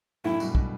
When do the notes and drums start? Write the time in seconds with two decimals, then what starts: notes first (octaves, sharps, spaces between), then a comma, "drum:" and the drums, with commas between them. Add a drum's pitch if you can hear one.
0.24 F#2 A2 E4
0.40 G2 B2, drum: tambourine
0.55 B2, drum: kick